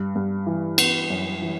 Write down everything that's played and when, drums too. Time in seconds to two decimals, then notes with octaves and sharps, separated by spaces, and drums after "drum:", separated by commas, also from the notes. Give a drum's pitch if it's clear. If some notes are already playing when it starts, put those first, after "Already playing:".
Already playing: G2
0.15 G2
0.46 E3
0.78 B3, drum: cymbal
1.10 F#2
1.42 E3